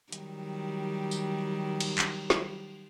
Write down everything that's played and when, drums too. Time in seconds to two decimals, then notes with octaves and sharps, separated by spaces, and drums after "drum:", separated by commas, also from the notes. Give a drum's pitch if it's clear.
0.12 D#3 F#3 G3, drum: hi-hat
1.11 drum: tambourine
1.80 drum: cymbal
1.98 drum: clap
2.30 drum: snare